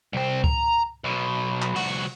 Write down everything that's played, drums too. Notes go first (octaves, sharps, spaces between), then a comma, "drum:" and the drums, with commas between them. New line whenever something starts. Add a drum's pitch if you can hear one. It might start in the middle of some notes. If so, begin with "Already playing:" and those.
C2 C4
A#5, drum: kick C#2
B1 B2
drum: clap
C2 F#4, drum: open hi-hat